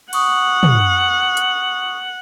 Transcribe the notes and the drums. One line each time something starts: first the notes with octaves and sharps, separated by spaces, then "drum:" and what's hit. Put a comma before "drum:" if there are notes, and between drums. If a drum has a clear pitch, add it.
F#5 C#6 D#6, drum: cymbal
drum: tom
drum: hi-hat